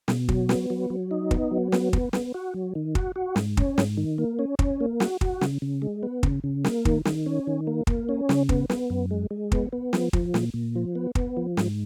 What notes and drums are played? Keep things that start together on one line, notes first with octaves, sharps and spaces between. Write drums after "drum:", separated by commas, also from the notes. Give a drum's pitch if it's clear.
B2, drum: snare
F#3, drum: kick
B3, drum: snare
F#3
F#3
D#4
B3, drum: kick
F#3
B3, drum: snare
B3, drum: kick
B3, drum: snare
F#4
F#3
D#3
F#4, drum: kick
F#4
G#2, drum: snare
C#4, drum: kick
G#2, drum: snare
D#3
A#3
C#4
C#4, drum: kick
A#3
F#4, drum: snare
F#4, drum: kick
C#3, drum: snare
C#3
G#3
B3
C#3, drum: kick
C#3
A#3, drum: snare
D#3, drum: kick
D#3, drum: snare
C#4
D#3
A#3
A#3, drum: kick
C#4
C#3, drum: snare
B3, drum: kick
B3, drum: snare
F#2
G#3
G#3
B3, drum: kick
B3
F3, drum: snare
F3, drum: kick
A#2, drum: snare
A#2
F3
B3
B3, drum: kick
F3
G#2, drum: snare